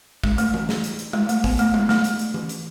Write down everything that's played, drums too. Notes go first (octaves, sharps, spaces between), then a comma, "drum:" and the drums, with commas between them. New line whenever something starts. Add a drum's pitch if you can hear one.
G#3, drum: kick
A3, drum: hi-hat
drum: tom E3
drum: snare
drum: hi-hat
drum: hi-hat
G#3, drum: tom G3
A3, drum: hi-hat
B3, drum: kick, open hi-hat
A3, drum: hi-hat
G#3, drum: tom G3
A3, drum: snare
drum: hi-hat
drum: hi-hat
drum: tom E3
drum: hi-hat